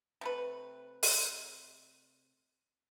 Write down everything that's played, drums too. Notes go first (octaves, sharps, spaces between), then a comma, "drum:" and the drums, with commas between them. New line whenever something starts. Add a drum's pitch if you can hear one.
C3 A3 B4
drum: open hi-hat